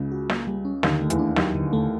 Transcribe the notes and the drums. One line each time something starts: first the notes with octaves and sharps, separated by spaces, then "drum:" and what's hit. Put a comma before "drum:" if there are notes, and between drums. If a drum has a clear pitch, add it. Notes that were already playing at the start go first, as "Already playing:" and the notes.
Already playing: C#2 C#3
F#4
A#3, drum: snare
G3
C#4
D#2 D3 D#3, drum: snare
A3
E2 E3, drum: hi-hat
D4
D#2 D#3 F#3, drum: snare
D3
A3